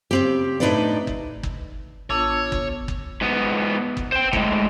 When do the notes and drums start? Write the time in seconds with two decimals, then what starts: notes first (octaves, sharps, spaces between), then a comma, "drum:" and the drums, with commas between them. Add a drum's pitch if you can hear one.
0.11 C#3 C4 G4
0.60 A2 D4 D#4 B4 C5 D5
1.07 drum: kick
1.43 drum: kick
2.10 A1 B3 D4 F4 A4 C#5 D6
2.52 drum: kick
2.88 drum: kick
3.21 G#2 B3
3.97 drum: kick
4.12 C5 G5
4.33 A2 G#3, drum: kick